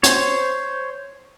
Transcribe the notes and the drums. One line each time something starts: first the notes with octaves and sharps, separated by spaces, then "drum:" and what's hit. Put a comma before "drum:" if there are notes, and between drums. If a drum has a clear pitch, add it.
C5 C#5, drum: hi-hat